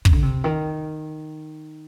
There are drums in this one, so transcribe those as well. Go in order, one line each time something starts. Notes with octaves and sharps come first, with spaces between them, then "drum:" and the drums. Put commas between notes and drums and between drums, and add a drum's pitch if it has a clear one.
C3, drum: kick
D3
C3
D#3